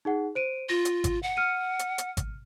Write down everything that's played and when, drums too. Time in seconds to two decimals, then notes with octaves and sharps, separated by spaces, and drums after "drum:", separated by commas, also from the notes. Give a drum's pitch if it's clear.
0.05 D#4 G#4 F#5
0.35 C5 D7 D#7
0.69 F4 A#6
0.85 drum: hi-hat
1.04 drum: kick G#1, hi-hat
1.23 F#5
1.37 F6 C#7 D#7
1.79 drum: hi-hat
1.98 drum: hi-hat
2.17 drum: kick G#1, hi-hat